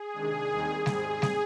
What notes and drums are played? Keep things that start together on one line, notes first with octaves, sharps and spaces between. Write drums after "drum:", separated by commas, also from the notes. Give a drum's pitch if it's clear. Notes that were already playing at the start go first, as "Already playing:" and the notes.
Already playing: G#4
C3 D#3 G#3 D4
D#2 D#3 G3 C4 D#4
G#2 G3 C4 G#4, drum: snare
drum: snare